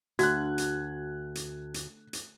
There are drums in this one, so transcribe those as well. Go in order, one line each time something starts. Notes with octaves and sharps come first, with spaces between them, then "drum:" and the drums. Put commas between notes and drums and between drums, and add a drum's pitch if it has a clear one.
D2 F#4 F#6 G#6, drum: hi-hat
drum: hi-hat
drum: hi-hat
drum: hi-hat
drum: hi-hat